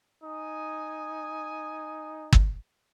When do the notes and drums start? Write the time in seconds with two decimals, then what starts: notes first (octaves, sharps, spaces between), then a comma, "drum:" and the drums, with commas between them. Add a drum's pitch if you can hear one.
0.23 D#4 G#5 D#6
2.33 drum: kick